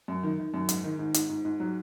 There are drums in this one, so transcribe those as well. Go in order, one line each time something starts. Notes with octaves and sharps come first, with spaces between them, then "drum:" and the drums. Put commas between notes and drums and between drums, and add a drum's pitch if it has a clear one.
F#2
D#3
D#3
F#2
G#2, drum: hi-hat
D#3
G#2
G#2, drum: hi-hat
G#2
G#2
F#3